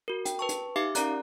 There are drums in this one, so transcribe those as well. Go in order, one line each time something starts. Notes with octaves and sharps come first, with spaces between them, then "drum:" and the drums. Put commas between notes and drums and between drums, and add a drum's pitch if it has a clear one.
F#4 A#4
G5, drum: hi-hat
B4 A5 C#6
drum: hi-hat
D#4 G4 E5 F5 D6 C7
C#4 A#4 D5 A#5 F#6, drum: hi-hat